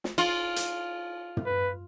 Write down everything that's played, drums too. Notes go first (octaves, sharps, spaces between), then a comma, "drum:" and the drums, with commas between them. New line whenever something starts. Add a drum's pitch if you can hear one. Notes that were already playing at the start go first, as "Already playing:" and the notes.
drum: snare
F4, drum: cymbal
drum: hi-hat
drum: tom
B4